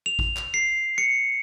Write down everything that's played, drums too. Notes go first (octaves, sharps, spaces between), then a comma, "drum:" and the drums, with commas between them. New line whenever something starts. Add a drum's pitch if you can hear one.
F7
drum: kick A1
drum: clap
C7
C#7